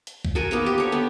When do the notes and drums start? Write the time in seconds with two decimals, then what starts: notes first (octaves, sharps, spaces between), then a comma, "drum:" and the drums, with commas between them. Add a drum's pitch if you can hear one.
0.07 drum: hi-hat
0.25 drum: kick
0.35 F#4 A#4 G#5
0.51 A#3 B3 D#4 A#4
0.66 G4
0.78 D3 C#5
0.92 B3